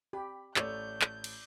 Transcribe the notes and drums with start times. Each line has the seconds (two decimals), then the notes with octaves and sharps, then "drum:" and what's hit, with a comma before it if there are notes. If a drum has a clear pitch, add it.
0.13 G4 B5
0.56 A1 A3 C#5 D5 D6 E6 G6, drum: clap
1.02 drum: clap
1.24 drum: cymbal